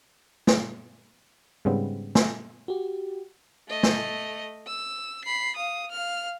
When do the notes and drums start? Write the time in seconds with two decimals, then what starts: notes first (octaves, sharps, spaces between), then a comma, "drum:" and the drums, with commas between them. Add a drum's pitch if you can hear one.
0.47 drum: snare
1.65 G#2 C#3 G3 B3 C4
2.15 drum: snare
2.68 F#4 G4
3.69 A3 D#5
3.83 drum: snare
4.67 E6
5.25 B5 C7
5.56 F5 D#6
5.92 F5 F6